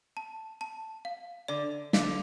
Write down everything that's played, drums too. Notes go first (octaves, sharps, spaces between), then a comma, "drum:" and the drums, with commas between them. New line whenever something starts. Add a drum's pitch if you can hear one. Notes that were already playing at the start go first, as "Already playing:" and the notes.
A5
A5
F5
D3 D5
D3 F5, drum: snare